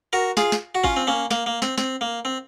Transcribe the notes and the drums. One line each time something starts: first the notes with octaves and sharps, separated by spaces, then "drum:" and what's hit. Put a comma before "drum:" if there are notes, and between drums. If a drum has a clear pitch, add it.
F#4 A#4
F4 G#4, drum: snare
drum: snare
F#4
C#4 F4, drum: kick G#1
C4
A#3 C#4
A#3, drum: snare
A#3
C4, drum: snare
C4, drum: snare
A#3
C4